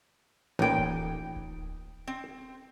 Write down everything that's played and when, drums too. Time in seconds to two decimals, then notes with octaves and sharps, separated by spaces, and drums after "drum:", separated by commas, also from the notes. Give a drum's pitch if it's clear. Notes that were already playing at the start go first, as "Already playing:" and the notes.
0.59 A1 A#2 D#4 G5
0.78 drum: kick D1
1.36 drum: kick D1
2.07 C4